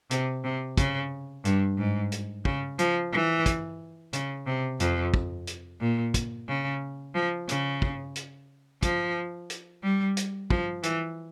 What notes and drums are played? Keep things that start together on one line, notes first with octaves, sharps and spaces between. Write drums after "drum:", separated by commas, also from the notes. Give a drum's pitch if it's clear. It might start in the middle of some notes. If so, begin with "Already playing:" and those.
C3, drum: hi-hat
C3
C#3, drum: kick, hi-hat
G2, drum: hi-hat
G#2
drum: hi-hat
C#3, drum: kick
F3, drum: hi-hat
E3
drum: kick, hi-hat
C#3, drum: hi-hat
C3
F2, drum: hi-hat
drum: kick
drum: hi-hat
A#2
drum: kick, hi-hat
C#3
F3
C#3, drum: hi-hat
drum: kick
drum: hi-hat
F3, drum: kick, hi-hat
drum: hi-hat
G3
drum: hi-hat
F3, drum: kick
E3, drum: hi-hat